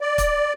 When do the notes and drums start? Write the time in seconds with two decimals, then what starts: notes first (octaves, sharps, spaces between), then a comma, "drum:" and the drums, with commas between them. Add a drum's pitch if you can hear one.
0.01 D5
0.18 drum: kick, hi-hat